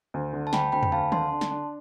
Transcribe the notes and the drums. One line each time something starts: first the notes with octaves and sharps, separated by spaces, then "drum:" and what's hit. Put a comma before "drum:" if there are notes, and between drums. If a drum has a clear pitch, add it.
D2
D3
A5
D2 G5 B5, drum: snare
D2 G5 B5
drum: tom
D2 F5 A5
D3 A5 C6, drum: tom
D4
drum: snare
D4